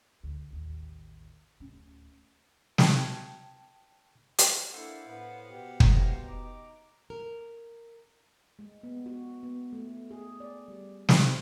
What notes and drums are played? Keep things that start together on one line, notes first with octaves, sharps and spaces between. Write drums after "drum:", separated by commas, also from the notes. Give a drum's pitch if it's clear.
D2
A1 D#2
D1 C#4
G5 A5 G#6, drum: snare
drum: hi-hat
A#3 D4 E4 A4 C5 F5 F#5
A2 B3
B2 G4
A2 A3 A#5, drum: kick
D#4 A#5 D6
A#4
G#3
B3
F#4
B3
A3
G#4
D5
G3
C5, drum: snare